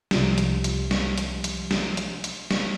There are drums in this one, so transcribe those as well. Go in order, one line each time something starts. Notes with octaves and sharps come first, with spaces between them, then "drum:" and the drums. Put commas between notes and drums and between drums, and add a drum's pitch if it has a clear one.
C2 F3 G3, drum: snare
drum: hi-hat
drum: hi-hat
drum: snare
drum: hi-hat
drum: hi-hat
drum: snare
drum: hi-hat
drum: hi-hat
drum: snare